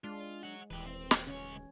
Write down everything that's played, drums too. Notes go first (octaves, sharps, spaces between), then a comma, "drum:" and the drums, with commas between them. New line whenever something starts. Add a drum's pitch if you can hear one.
G#3 D4 F4
C#5 F#5
D#1 E3 G4 B4
C4
drum: snare
C#2 C#4 C#5